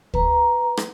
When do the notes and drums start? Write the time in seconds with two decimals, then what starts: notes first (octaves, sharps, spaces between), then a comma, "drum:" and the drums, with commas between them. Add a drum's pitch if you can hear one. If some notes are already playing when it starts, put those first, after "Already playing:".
0.14 B4 A#5, drum: kick
0.77 drum: rim click